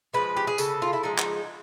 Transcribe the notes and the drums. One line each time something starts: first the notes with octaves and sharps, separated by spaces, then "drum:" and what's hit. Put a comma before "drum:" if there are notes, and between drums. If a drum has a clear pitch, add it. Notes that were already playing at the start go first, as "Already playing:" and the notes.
F3 G#3 B4
G4
G#4
C#3 A4, drum: tambourine
F4
E4
F3 G#3 D#4
drum: clap